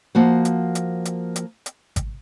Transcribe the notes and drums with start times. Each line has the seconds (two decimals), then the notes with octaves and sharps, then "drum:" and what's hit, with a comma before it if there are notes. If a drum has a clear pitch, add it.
0.15 F3 A#3 F#4 F#5
0.45 drum: hi-hat
0.75 drum: hi-hat
1.05 drum: hi-hat
1.36 drum: hi-hat
1.66 drum: hi-hat
1.96 drum: kick G#1, hi-hat